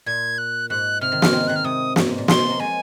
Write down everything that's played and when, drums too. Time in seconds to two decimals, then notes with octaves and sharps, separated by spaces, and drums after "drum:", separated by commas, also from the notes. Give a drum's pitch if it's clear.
0.06 A#2 G#6
0.38 F#6
0.70 G#2 F#6
1.01 C3 F6
1.12 D#3
1.22 G#3 C4, drum: snare
1.33 D#3
1.48 D#3 F#6
1.56 F6
1.64 C3 D#6
1.96 G#2, drum: snare
2.07 G#2
2.18 A#2
2.28 C3 C6, drum: snare
2.38 F3 G#3
2.49 F#3 A#3
2.59 F3 G#3 G#5